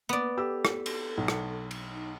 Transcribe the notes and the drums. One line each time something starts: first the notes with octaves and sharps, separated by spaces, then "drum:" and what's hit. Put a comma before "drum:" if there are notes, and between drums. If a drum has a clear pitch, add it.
A#3 B3 D5
G4 A4 E6
drum: rim click
drum: cymbal
B1
drum: rim click
drum: cymbal
D#4